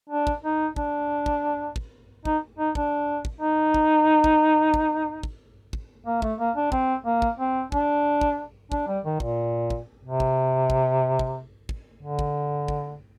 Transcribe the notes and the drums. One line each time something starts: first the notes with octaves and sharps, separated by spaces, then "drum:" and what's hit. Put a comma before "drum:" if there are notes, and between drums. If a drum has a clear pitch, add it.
D4
drum: kick
D#4
D4, drum: kick
drum: kick
drum: kick
D#4, drum: kick
D#4
D4, drum: kick
drum: kick
D#4
drum: kick
drum: kick
drum: kick
drum: kick
drum: kick
A#3
A3, drum: kick
A#3
D4
C4, drum: kick
A#3
drum: kick
C4
D4, drum: kick
drum: kick
D4, drum: kick
G3
D#3
A#2, drum: kick
drum: kick
C3
drum: kick
drum: kick
drum: kick
drum: kick
D3
drum: kick
drum: kick